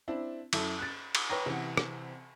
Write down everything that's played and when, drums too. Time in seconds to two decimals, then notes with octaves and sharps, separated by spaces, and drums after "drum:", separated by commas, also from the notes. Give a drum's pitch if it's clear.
0.08 C4 D4 E4
0.53 F#2 E4 A4, drum: cymbal
0.79 F#6 A6
1.15 drum: cymbal
1.30 B4 C#5 G5 A#5 A#6
1.46 C3 E3 F#5
1.77 drum: rim click